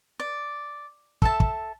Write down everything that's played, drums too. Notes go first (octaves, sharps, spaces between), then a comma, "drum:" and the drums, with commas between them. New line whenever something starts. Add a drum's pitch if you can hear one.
D5
A4 E5 A5, drum: kick
drum: kick